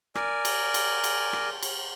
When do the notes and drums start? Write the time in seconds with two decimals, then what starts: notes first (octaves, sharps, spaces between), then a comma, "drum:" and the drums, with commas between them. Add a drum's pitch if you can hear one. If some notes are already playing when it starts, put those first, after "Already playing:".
0.15 A#4 D5 G#5, drum: rim click
0.45 drum: cymbal
0.74 drum: cymbal
1.04 drum: cymbal
1.33 drum: rim click
1.63 drum: cymbal